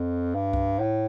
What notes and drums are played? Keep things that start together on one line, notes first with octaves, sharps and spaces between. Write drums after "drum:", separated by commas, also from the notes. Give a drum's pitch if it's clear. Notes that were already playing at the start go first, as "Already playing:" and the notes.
Already playing: F2
G2
drum: kick C2
A2